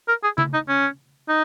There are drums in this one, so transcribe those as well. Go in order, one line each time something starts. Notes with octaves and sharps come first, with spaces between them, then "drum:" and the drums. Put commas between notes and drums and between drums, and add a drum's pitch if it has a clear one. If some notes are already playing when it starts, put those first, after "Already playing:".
A#4
G#4
E4, drum: tom C#3
D#4
C#4
D#4